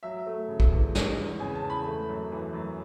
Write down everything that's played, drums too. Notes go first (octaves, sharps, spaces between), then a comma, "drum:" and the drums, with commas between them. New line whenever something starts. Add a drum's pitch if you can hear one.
F#3 E5
A3
C#3
drum: kick
E2
G#3, drum: snare
E2
C#3 G#5
A5
E2
B5
A3
F#2
E3
F#2